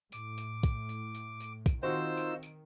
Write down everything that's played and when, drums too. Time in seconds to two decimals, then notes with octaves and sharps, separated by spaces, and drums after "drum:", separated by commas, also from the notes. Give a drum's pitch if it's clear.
0.12 A2 D6, drum: tambourine
0.38 drum: tambourine
0.63 drum: kick, tambourine
0.89 drum: tambourine
1.15 drum: tambourine
1.40 drum: tambourine
1.66 drum: kick, tambourine
1.83 D#3 C4 D#4 F4 F#4 C5 E6
2.17 drum: tambourine
2.43 drum: tambourine